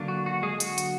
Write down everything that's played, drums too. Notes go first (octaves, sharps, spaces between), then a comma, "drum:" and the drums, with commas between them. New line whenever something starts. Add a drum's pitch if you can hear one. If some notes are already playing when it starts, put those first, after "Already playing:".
Already playing: D3 F#3 A#3 D4
F#4
F#4
G#3 G#4
F#4, drum: hi-hat
drum: hi-hat